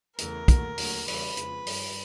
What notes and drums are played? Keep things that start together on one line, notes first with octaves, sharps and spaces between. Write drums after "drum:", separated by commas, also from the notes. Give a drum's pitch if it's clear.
E2 C#3 E3 A3 A#4, drum: hi-hat
A#2 F#3 A3, drum: kick, hi-hat
D#2 D3 F#3 A3, drum: open hi-hat
E2 C#3 E3 G3 B4, drum: open hi-hat
F2 C#3 F3 G#3, drum: hi-hat
G2 D#3 G3, drum: open hi-hat